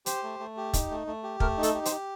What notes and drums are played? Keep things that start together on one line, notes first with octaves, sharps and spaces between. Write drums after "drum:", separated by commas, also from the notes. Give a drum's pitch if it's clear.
G4 C5, drum: hi-hat
A3
A3
G4
D#4, drum: kick, hi-hat
A3
A3
G4
A3 A#4, drum: kick
D#4
A4, drum: hi-hat
G4
C5, drum: hi-hat
G4